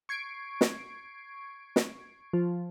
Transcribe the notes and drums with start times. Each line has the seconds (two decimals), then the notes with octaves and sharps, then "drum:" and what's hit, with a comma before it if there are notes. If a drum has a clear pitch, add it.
0.09 C#6 G#6 C7 D7
0.61 drum: snare
1.76 drum: snare
2.33 F3